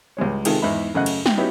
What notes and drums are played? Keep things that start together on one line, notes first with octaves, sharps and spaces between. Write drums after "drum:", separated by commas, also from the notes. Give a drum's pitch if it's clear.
C#2 G3 G#3 C#5
C3 D#3 G#3 F4 G#4 A4, drum: cymbal
E2 G#2 D#4 E5 B5
F#2 C#3 A3 D#5 F#5 F#6
drum: cymbal
G5, drum: snare
F#3 B3 C#4 D#4 E4 G4